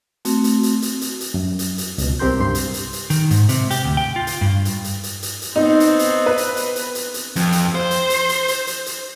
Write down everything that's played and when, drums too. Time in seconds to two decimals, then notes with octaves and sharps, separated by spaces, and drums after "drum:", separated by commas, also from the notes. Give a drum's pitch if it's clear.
0.25 A3 C4 F#4, drum: hi-hat
0.44 drum: hi-hat
0.63 drum: hi-hat
0.82 drum: hi-hat
1.01 drum: hi-hat
1.21 drum: hi-hat
1.34 F#2
1.59 drum: hi-hat
1.78 drum: hi-hat
1.98 C#2 B2, drum: hi-hat
2.19 C2 C4 G4 A#4 C6 G6
2.40 G2 C6
2.55 drum: hi-hat
2.74 drum: hi-hat
2.93 drum: hi-hat
3.10 D#3, drum: hi-hat
3.31 G#2, drum: hi-hat
3.49 C3, drum: hi-hat
3.71 G4, drum: hi-hat
3.85 D2
3.97 G5
4.16 F4
4.27 drum: hi-hat
4.41 G2
4.65 drum: hi-hat
4.84 drum: hi-hat
5.03 drum: hi-hat
5.23 drum: hi-hat
5.42 drum: hi-hat
5.56 B3 C4 D#4
5.80 drum: hi-hat
5.99 drum: hi-hat
6.26 B4
6.37 drum: hi-hat
6.57 drum: hi-hat
6.76 drum: hi-hat
6.95 drum: hi-hat
7.14 drum: hi-hat
7.36 F2, drum: hi-hat
7.52 drum: hi-hat
7.75 C5
7.91 drum: hi-hat
8.10 drum: hi-hat
8.29 drum: hi-hat
8.48 drum: hi-hat
8.67 drum: hi-hat
8.86 drum: hi-hat